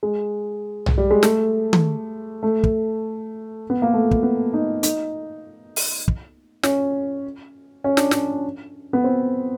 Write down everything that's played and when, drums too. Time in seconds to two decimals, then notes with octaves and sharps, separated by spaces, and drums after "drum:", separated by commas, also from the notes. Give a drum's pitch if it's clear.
0.03 G#3
0.86 drum: tom B1
0.98 G3
1.11 G#3
1.23 A3, drum: snare
1.73 drum: tom D#3
2.43 A3
2.64 drum: kick
3.70 B3
3.82 A#3
3.93 A3
4.11 drum: kick
4.23 B3
4.54 D#4
4.83 D#4, drum: hi-hat
5.76 drum: open hi-hat
6.08 drum: kick
6.63 C#4, drum: snare
7.84 C#4
7.97 D4, drum: snare
8.11 C#4, drum: snare
8.93 B3
9.04 C4